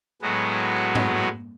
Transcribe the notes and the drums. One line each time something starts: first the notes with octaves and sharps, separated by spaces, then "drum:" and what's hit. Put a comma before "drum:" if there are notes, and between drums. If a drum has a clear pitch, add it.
A2 F#3 G#3 B3 F#4
drum: tom G#2